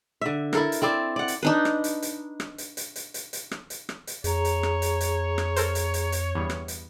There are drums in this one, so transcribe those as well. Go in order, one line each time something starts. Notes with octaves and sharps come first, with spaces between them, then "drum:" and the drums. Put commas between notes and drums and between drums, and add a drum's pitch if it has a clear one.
D3 E5
E4 A4 A#4, drum: rim click
drum: hi-hat
C4 E4 A4 D5
D5 F#5
drum: hi-hat
D4 D#4 B4
drum: rim click
drum: hi-hat
drum: hi-hat
drum: rim click
drum: hi-hat
drum: hi-hat
drum: hi-hat
drum: hi-hat
drum: hi-hat
drum: rim click
drum: hi-hat
drum: rim click
drum: hi-hat
F2 G#4 C#5 A#5, drum: hi-hat
drum: hi-hat
drum: rim click
drum: hi-hat
drum: hi-hat
drum: rim click
A4 A#4 C5, drum: hi-hat
drum: hi-hat
drum: hi-hat
drum: hi-hat
E2 G2
drum: rim click
drum: hi-hat